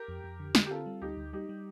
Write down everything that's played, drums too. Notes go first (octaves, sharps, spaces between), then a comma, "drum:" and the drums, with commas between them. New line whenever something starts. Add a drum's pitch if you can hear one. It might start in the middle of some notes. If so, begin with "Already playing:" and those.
Already playing: G4 A#4
F2
F2
D3
D3, drum: snare
G4
C4 F4 A4
G3
D2 D#4 G4
D2
G3 D#4 G4
G3